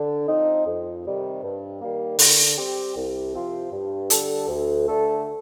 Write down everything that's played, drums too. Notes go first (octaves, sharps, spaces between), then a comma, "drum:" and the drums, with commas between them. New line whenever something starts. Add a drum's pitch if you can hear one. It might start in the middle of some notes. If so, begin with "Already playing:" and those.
Already playing: D3
F3 C4 D#4
F2
C3 D#3 G3
G2
D#3 G3 A#3
D3, drum: open hi-hat
G3 C4 G4
C2
C3 F3 C4 F4
G2
D3 G3 D4 A4, drum: hi-hat
D2
D3 A3 D4 A4